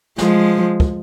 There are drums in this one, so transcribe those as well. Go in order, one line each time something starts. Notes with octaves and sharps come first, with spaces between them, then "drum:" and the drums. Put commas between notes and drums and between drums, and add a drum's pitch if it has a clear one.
F3 G#3, drum: snare
drum: kick